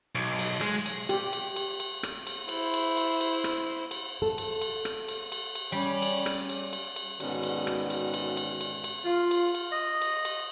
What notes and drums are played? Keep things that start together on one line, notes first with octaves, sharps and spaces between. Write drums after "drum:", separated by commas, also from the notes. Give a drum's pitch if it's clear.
B1
drum: cymbal
G#3, drum: rim click
drum: cymbal
G4, drum: cymbal
drum: cymbal
drum: cymbal
drum: cymbal
drum: rim click
drum: cymbal
E4 C5, drum: cymbal
drum: cymbal
drum: cymbal
drum: cymbal
drum: rim click
drum: cymbal
A4
drum: cymbal
drum: cymbal
drum: rim click
drum: cymbal
drum: cymbal
drum: cymbal
G3 C#4 D5
drum: cymbal
drum: rim click
drum: cymbal
drum: cymbal
drum: cymbal
G#2 B2 D3 D#3 C#4 F#4, drum: cymbal
drum: cymbal
drum: rim click
drum: cymbal
drum: cymbal
drum: cymbal
drum: cymbal
drum: cymbal
F4
drum: cymbal
drum: cymbal
D#5
drum: cymbal
drum: cymbal